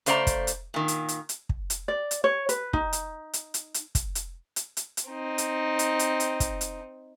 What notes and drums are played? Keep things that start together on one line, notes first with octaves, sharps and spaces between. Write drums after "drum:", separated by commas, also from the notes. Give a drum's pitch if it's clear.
C#3 A3 C5 D5 D#5 A#5, drum: hi-hat
drum: kick, hi-hat
drum: hi-hat
A#2 D#3
drum: hi-hat
drum: hi-hat
drum: hi-hat
drum: kick
drum: hi-hat
D5
drum: hi-hat
C#5
B4, drum: hi-hat
D#4, drum: kick
drum: hi-hat
drum: hi-hat
drum: hi-hat
drum: hi-hat
drum: kick, hi-hat
drum: hi-hat
drum: hi-hat
drum: hi-hat
drum: hi-hat
C4 D#4
drum: hi-hat
drum: hi-hat
drum: hi-hat
drum: hi-hat
drum: kick, hi-hat
drum: hi-hat